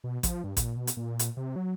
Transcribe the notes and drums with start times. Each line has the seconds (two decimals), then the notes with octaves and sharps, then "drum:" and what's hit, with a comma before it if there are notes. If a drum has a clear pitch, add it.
0.04 B2
0.23 F3, drum: kick A1, hi-hat
0.44 G2
0.57 A#2, drum: kick A1, hi-hat
0.76 B2
0.87 drum: hi-hat
0.97 A#2
1.19 drum: hi-hat
1.37 C3
1.56 F#3